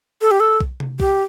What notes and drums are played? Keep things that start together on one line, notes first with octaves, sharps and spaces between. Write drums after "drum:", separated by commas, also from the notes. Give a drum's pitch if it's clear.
A4
G4
A4
drum: kick B1
drum: tom C3
G4, drum: kick B1